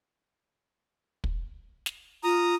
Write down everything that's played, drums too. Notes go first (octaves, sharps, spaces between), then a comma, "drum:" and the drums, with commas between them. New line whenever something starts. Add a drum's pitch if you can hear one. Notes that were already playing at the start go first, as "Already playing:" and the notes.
drum: kick
drum: snare
F4 A#5 D#6